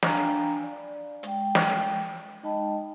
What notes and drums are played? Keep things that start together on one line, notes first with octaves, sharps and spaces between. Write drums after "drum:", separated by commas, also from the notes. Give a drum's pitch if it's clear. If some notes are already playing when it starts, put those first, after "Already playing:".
D4 F5 G5 G#5 A#5 B5, drum: snare
D5
G#3 G5, drum: hi-hat
drum: snare
G#3 D#4 D#5 G5 A5 B5